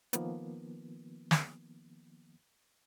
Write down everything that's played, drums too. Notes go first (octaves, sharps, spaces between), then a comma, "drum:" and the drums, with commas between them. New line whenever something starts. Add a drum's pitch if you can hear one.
D#3 F3 A#3 B3, drum: hi-hat
drum: snare